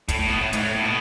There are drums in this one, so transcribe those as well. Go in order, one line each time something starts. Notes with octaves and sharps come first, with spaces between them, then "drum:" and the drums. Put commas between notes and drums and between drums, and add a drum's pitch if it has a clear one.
A2, drum: kick, hi-hat
A2
B2
A2
G#2, drum: hi-hat
A2
A2
B2